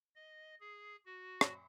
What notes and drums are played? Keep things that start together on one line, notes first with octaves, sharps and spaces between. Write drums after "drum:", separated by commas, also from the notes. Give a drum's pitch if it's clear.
D#5
G#4
F#4
drum: rim click